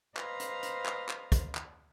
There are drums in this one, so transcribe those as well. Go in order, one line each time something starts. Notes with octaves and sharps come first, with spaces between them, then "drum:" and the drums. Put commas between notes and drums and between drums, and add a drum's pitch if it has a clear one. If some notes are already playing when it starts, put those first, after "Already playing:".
B4 C5 D#5 F5 A#5 C6, drum: clap
drum: hi-hat
drum: hi-hat
drum: clap
drum: clap
drum: kick, hi-hat
drum: clap